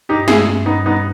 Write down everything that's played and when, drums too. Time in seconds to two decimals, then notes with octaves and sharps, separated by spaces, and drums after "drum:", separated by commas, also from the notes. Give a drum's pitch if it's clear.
0.09 G2 D#4 G4
0.28 C#4 E4 G#4, drum: snare
0.47 G2
0.66 G3 B3 D#4
0.86 G2 B3 D#4